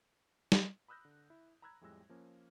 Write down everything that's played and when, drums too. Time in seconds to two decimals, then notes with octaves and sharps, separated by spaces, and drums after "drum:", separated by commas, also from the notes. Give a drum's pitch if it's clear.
0.52 drum: snare
0.88 B5 D#6 E6 F#6 G6 A#6
1.05 D3
1.30 E4
1.62 A#5 B5 E6 F#6 G#6 A#6
1.81 F2 A2 G3 G#3 E6 A#6
2.09 F3 A#3 C#4